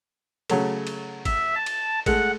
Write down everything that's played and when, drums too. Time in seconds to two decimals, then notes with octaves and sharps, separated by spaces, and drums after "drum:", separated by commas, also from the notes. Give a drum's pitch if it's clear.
0.50 C#3 F#3 A3, drum: cymbal
0.87 drum: cymbal
1.25 E5, drum: kick, cymbal
1.55 A5
1.66 drum: cymbal
2.06 G#3 A3 F#5, drum: kick, cymbal